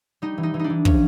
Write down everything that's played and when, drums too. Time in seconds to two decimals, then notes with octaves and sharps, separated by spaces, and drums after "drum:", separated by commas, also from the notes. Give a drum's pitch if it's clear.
0.22 G3 D#4
0.38 E3
0.43 D#4
0.54 E3
0.59 D4 D#4
0.70 E3
0.85 F3 C#4, drum: kick